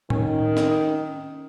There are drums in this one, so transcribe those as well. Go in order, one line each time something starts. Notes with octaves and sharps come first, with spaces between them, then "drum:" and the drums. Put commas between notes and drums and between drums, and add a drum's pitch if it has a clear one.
D#3 C#4, drum: tom A2
drum: snare C#4